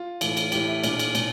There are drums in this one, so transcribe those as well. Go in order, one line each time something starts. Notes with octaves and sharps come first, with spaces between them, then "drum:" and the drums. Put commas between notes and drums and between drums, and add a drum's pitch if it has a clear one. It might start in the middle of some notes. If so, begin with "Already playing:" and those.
Already playing: F4
A2 E3, drum: cymbal
drum: cymbal
A2 E3 G4, drum: cymbal
E4
A#2 D4, drum: cymbal
drum: cymbal
A#2, drum: cymbal